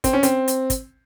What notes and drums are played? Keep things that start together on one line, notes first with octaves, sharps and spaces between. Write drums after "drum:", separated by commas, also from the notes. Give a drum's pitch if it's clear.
C4, drum: kick, hi-hat
C#4
C4, drum: hi-hat
drum: hi-hat
drum: kick, hi-hat